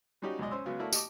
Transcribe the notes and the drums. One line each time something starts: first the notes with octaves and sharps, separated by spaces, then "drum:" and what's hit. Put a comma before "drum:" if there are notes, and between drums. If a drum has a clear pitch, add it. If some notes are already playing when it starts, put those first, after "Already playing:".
F#3 G3 C#4 D#4 F#4 G4
C#2 F#2 B2 G#3 D5 D#5
C#4 C5 C6 E6
C#3 F#3 G#3 B3 C#4
A3 A#3 E4 F#4 D5
G4 D#5 A5 D6, drum: tambourine